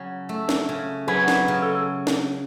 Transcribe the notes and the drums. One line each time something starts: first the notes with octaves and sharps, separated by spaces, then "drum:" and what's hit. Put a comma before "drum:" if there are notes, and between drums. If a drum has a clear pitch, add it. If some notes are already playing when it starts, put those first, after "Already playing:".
Already playing: C#3 F#3
A3
drum: snare
C#3
F#3 G#4 B4
drum: snare
C#3
A4
drum: snare